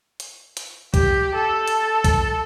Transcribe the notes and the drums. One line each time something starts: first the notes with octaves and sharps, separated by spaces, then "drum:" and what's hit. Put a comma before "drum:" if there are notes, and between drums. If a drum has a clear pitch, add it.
drum: hi-hat
drum: hi-hat
G4, drum: kick B1, hi-hat
A4
drum: hi-hat
drum: kick B1, hi-hat